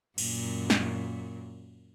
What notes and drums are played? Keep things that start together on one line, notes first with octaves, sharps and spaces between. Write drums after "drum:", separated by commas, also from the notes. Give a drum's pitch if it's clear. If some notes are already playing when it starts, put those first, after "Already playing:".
F#2 A#2, drum: cymbal
drum: snare